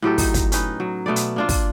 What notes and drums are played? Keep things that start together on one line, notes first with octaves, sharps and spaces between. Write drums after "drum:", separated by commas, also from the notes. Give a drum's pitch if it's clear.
A2 F#3 G4 A4
D#4, drum: kick, open hi-hat
drum: kick, hi-hat
C#4 D#4 B4, drum: hi-hat
F#3
B2 A3 B3 D5
drum: hi-hat
A#3 D4 F4
drum: kick, open hi-hat